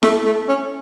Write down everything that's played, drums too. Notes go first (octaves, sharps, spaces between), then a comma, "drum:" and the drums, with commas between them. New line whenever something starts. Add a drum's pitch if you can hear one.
A3, drum: snare E4
A3
C#4